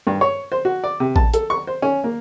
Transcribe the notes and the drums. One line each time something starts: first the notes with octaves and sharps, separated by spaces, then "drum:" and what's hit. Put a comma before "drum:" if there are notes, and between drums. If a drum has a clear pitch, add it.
G2
C#5
C5
F#4
D5
C3
A5, drum: kick A1
A4, drum: hi-hat
C#6
C5
C#4
A#3